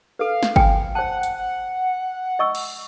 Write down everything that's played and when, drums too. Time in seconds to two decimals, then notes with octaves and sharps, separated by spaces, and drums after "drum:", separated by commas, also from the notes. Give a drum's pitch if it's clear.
0.19 A4 B4 F5
0.43 drum: snare
0.56 G5 G#5 B5, drum: kick
0.95 C5 F#5 A5
1.23 drum: hi-hat
2.39 D#5 C#6 E6
2.55 drum: cymbal